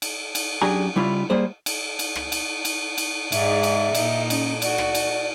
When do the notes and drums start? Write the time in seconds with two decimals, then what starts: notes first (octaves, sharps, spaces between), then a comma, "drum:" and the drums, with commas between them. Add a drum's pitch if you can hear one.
0.02 drum: cymbal
0.35 drum: cymbal
0.62 F#2 D4 G4 G#4 A#5
0.96 C#3 G3 E4 F4
1.30 G3 A#3 G#4 C5
1.66 drum: cymbal
1.99 drum: cymbal
2.15 drum: rim click
2.32 drum: cymbal
2.65 drum: cymbal
2.98 drum: cymbal
3.32 G#2 G#3 D5 E5, drum: cymbal
3.63 drum: cymbal
3.95 A#2 D#4, drum: cymbal
4.30 C#4, drum: cymbal
4.62 F#4 D5, drum: cymbal
4.78 drum: rim click
4.95 drum: cymbal